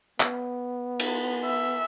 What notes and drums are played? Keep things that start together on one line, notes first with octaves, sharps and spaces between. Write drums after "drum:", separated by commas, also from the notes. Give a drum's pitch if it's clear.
B3, drum: clap
drum: cymbal
E5